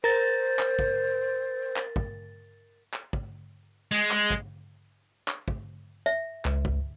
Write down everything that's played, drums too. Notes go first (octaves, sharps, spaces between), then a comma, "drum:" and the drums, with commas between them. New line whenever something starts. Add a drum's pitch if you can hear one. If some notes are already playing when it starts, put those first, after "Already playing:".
A#4 C5 A6
drum: clap
drum: kick
drum: clap
drum: kick
drum: clap
drum: kick
G#3
drum: clap
drum: kick
drum: clap
drum: kick
E5
C#2, drum: clap
drum: kick